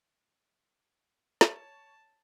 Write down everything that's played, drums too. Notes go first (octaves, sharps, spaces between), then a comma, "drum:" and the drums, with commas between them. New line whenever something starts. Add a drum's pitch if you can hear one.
C#5 A5, drum: snare